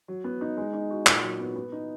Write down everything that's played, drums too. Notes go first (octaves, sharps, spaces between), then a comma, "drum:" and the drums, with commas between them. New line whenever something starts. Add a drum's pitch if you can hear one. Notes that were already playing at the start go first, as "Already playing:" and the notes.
F#3
B3
D#4
G#3
D#4
F#4
A#2, drum: clap
F#3
B3
B3
D#4